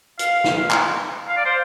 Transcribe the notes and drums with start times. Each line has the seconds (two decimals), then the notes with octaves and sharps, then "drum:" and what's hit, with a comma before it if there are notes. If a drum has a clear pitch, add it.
0.19 F5, drum: hi-hat
0.44 drum: snare
0.70 drum: clap
1.29 F5
1.37 D5
1.45 C5